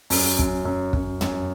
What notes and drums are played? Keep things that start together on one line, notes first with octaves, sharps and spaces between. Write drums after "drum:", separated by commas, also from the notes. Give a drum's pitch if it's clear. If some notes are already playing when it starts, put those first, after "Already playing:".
F#2, drum: open hi-hat
F#2, drum: kick
F#2
F#2, drum: kick
F#2, drum: tom